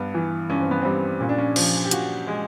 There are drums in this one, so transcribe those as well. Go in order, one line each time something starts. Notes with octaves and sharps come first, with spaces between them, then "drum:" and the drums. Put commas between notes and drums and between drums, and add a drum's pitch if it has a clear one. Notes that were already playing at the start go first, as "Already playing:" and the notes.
Already playing: G2 B3
E3
G2 C#4
C4
B3
G3 C4
A#2 C#4
D4
C#4
F3, drum: cymbal
G4
A#2 F#4, drum: hi-hat
G#3